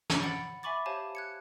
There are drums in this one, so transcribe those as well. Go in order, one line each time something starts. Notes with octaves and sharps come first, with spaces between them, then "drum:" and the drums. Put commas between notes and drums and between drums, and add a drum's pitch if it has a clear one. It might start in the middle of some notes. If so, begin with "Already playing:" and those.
drum: snare
F#5 B5 A6 C#7 D7 F#7
E5 G#5 B5 C#6 D6 A6
G4 C5 C#5 F5 G#5 A5
F#6 G#6 C#7